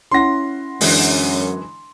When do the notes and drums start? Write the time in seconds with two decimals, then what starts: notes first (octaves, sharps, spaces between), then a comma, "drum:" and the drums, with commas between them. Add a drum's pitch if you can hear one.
0.11 C#4 E4 F#5 C6 A#6
0.81 F#2 D3 E3 G#3, drum: open hi-hat